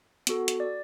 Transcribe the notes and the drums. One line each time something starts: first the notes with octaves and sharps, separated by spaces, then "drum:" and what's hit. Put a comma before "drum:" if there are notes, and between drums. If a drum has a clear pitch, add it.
B3 F#4 A4, drum: hi-hat
drum: hi-hat
D5